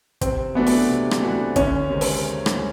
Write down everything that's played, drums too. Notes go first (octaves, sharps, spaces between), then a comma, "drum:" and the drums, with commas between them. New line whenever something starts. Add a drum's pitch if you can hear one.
C3 C4, drum: kick, hi-hat
E3 A3 B3 D4 F#4
drum: open hi-hat
C3
drum: rim click
E3 A3 D4 F#4
D2 C#4, drum: kick, hi-hat
C3 D#3 G#3 C4
drum: open hi-hat
drum: rim click